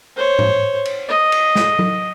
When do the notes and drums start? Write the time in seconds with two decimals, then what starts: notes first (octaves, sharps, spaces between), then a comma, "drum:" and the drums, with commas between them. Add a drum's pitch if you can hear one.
0.17 C5 C#5
0.39 drum: tom G#2
0.85 drum: cymbal
1.09 D#5
1.32 drum: cymbal
1.55 drum: snare
1.79 drum: tom F#3